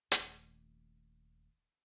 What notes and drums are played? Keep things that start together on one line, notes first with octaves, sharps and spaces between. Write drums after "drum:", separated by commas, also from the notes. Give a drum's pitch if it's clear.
D#1 A3, drum: hi-hat